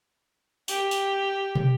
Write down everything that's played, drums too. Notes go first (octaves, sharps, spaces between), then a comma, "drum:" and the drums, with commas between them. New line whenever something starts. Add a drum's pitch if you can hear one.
G4, drum: open hi-hat
drum: open hi-hat
drum: tom